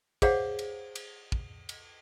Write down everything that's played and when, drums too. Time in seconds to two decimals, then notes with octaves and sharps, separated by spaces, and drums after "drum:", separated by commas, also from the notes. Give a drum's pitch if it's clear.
0.22 G#4 C5 C#5 F5 F#5, drum: kick, cymbal
0.59 drum: cymbal
0.95 drum: cymbal
1.32 drum: kick
1.69 drum: cymbal